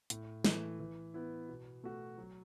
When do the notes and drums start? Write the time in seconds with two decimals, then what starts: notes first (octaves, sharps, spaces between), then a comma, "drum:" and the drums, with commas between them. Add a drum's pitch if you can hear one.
0.10 A2, drum: hi-hat
0.44 E3 A3, drum: snare
0.80 E3
1.14 B3 E4
1.49 B2
1.84 A3 F#4
2.18 F#3